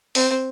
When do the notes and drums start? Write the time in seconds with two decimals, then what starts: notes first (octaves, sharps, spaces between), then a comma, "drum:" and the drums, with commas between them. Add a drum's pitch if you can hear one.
0.15 C4, drum: open hi-hat